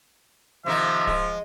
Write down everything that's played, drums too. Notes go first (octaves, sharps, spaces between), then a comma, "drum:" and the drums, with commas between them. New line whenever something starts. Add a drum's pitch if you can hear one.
C3 D#3 F3 A#3 E5
G#3, drum: kick D1